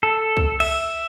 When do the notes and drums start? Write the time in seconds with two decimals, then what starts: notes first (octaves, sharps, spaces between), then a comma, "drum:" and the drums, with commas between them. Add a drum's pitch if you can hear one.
0.03 A4
0.37 drum: kick
0.60 E5, drum: cymbal